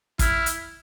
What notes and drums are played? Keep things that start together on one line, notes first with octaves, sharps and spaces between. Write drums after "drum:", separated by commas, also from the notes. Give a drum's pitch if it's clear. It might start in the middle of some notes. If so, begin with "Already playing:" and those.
E4 F6, drum: kick, hi-hat
drum: hi-hat